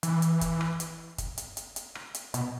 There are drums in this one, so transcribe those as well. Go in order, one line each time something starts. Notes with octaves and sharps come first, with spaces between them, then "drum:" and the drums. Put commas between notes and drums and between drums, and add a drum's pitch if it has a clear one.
E3, drum: hi-hat
drum: hi-hat
drum: kick, hi-hat
drum: rim click
drum: hi-hat
drum: kick, hi-hat
drum: hi-hat
drum: hi-hat
drum: hi-hat
drum: rim click
drum: hi-hat
B2, drum: hi-hat